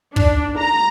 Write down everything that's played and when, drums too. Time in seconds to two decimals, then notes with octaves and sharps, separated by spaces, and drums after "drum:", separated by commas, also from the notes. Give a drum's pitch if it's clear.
0.16 D4, drum: kick
0.58 A#5